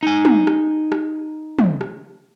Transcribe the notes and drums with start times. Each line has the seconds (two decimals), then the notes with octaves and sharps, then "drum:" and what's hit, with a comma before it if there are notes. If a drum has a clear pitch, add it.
0.03 D#4 G#5
0.25 drum: tom
0.47 drum: rim click
0.92 drum: rim click
1.59 drum: tom
1.81 drum: rim click